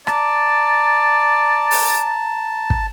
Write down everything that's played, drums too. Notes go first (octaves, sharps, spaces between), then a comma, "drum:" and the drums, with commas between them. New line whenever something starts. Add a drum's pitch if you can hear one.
D5 A5 A#5, drum: rim click
drum: open hi-hat
drum: kick